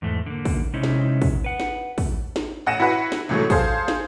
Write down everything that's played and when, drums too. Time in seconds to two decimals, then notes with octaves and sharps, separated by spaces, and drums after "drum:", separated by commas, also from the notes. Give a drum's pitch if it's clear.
0.02 E2 G#2 A3
0.26 D3 A#3
0.45 drum: kick, open hi-hat
0.73 C3 G#3 C#4 D#4 E4
0.83 drum: snare
1.22 drum: kick, open hi-hat
1.44 B4 F#5
1.60 drum: snare
1.98 drum: kick, open hi-hat
2.36 drum: snare
2.66 A1 F#5 A#6 D#7 E7
2.80 E4 F#4 B4 F#5
3.12 drum: snare
3.29 C#2 A2 E3 F#3 G#3 A3
3.50 G#4 A4 C5 F5, drum: kick, open hi-hat
3.88 drum: snare